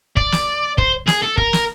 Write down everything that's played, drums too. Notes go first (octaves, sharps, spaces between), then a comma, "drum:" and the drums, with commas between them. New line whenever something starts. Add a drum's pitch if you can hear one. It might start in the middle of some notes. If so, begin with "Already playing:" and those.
D5, drum: kick
drum: snare
C5, drum: kick
G#4, drum: snare
A4
A#4, drum: kick
drum: snare